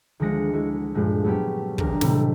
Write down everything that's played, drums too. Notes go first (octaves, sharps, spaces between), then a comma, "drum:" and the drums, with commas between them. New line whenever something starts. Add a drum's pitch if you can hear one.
D2 D#3 F3 G#3 A#6 C#7
G#3 E4 F#4
G2 A#2 F3 G#3 A3
F#3 A3 B3 C#4 G4
E1 D2 A#4, drum: kick
A2 C3 D#3 G3 A3, drum: snare